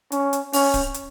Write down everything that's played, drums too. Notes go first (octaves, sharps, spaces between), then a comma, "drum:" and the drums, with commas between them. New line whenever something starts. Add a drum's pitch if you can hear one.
C#4, drum: hi-hat
drum: hi-hat
C#4, drum: open hi-hat
drum: kick D1, hi-hat
drum: hi-hat